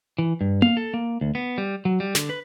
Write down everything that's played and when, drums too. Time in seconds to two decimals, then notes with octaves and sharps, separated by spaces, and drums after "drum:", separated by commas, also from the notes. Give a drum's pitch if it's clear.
0.18 E3
0.41 G2
0.62 F5, drum: tom A#3
0.77 A4
0.94 A#3
1.21 D2
1.35 B3
1.58 G3
1.85 F#3
2.00 G3
2.15 D3, drum: snare
2.30 B4